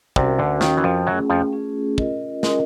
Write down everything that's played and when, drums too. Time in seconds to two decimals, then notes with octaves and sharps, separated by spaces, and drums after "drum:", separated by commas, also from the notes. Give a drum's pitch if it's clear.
0.16 C2 C3 C#4 F#4 A#4, drum: kick
0.39 D2 D3
0.61 D#2 D#3 C#4 F#4 A#4, drum: snare
0.77 E3
0.84 F2 F3
1.07 F#2 F#3 A3 C#4 F4 G#4
1.30 F2 F3
1.52 A3 C#4 F4 G#4
1.98 C#4 F4 A#4 D#5, drum: kick
2.43 G#3 C#4 F4 A#4 D#5, drum: snare